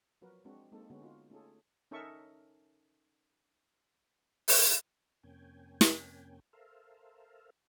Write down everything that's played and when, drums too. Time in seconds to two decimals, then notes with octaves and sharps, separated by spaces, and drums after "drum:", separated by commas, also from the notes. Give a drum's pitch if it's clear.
0.22 F3 F#3 F#4 A#4 B4
0.45 G#3 C4 D4 F#4
0.72 G#3 A#3 C4 D#4 A4
0.90 D3 G#3 B3 C#4 F#4
1.02 D#4 F4 F#4
1.30 A3 C#4 D#4 F4 G#4 A4
1.91 C#4 D#4 A4 A#4 E5 C#6
4.48 drum: open hi-hat
5.23 F2 C3 A#3 C#4 G5 G#5
5.81 drum: snare
6.53 A4 A#4 C5 E5 F5